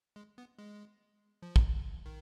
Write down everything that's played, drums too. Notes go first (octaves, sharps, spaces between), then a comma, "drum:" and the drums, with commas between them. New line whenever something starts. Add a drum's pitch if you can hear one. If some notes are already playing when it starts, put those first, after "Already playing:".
G#3
B3
G#3
F3
drum: kick
D#3